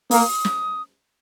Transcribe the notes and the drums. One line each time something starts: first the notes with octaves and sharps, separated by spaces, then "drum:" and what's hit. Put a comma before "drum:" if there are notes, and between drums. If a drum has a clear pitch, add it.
A#3 D#6, drum: open hi-hat
drum: snare